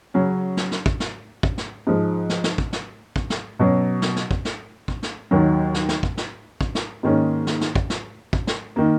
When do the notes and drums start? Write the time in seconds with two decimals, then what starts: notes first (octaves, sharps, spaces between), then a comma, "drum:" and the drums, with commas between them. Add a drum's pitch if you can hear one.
0.14 C#3 F#3 C#4
0.57 drum: snare
0.71 drum: snare
0.86 drum: kick
1.00 drum: snare
1.43 drum: kick
1.58 drum: snare
1.87 G#2 F3 G#3
2.30 drum: snare
2.44 drum: snare
2.58 drum: kick
2.73 drum: snare
3.16 drum: kick
3.30 drum: snare
3.59 B2 F#3 C#4
4.02 drum: snare
4.16 drum: snare
4.31 drum: kick
4.45 drum: snare
4.88 drum: kick
5.02 drum: snare
5.31 D#2 D#3 F#3
5.74 drum: snare
5.89 drum: snare
6.03 drum: kick
6.17 drum: snare
6.61 drum: kick
6.75 drum: snare
7.03 G#2 D#3 A#3 C#4
7.47 drum: snare
7.61 drum: snare
7.75 drum: kick
7.90 drum: snare
8.33 drum: kick
8.47 drum: snare
8.76 D#3 A#3